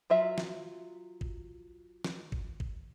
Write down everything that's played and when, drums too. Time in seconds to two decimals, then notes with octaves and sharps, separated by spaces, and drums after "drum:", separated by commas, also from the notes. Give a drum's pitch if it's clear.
0.10 F#3 F4 E5
0.38 drum: snare
1.21 drum: kick G#1
2.04 drum: snare
2.32 drum: kick G#1
2.60 drum: kick G#1